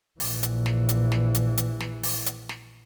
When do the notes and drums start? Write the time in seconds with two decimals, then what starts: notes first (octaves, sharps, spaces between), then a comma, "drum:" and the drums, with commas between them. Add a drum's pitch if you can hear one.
0.20 A#1 E3, drum: open hi-hat
0.43 drum: hi-hat
0.66 drum: snare
0.89 drum: hi-hat
1.12 drum: snare
1.35 drum: hi-hat
1.57 drum: hi-hat
1.80 drum: snare
2.03 drum: open hi-hat
2.26 drum: hi-hat
2.49 drum: snare